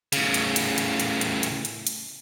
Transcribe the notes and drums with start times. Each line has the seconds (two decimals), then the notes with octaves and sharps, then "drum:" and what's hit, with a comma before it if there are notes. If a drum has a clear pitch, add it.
0.13 A2 C#3, drum: hi-hat
0.34 drum: hi-hat
0.56 drum: hi-hat
0.78 drum: hi-hat
1.00 drum: hi-hat
1.21 drum: hi-hat
1.43 drum: hi-hat
1.65 drum: hi-hat
1.87 drum: hi-hat